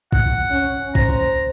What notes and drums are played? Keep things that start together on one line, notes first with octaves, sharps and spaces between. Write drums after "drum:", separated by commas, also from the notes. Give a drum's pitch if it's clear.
F#5, drum: kick
C#4
C5 A#5, drum: kick